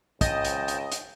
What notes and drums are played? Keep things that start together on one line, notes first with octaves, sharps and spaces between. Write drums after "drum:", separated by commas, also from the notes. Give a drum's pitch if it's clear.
C#2 D#5 G5 A5, drum: kick, hi-hat
drum: hi-hat
drum: hi-hat
drum: hi-hat